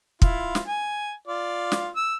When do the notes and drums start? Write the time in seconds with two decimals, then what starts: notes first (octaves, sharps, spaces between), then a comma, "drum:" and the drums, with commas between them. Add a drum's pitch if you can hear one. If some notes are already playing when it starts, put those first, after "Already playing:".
0.22 E4 F4, drum: kick
0.55 drum: snare
0.68 G#5
1.27 F4 D5
1.72 drum: snare
1.96 E6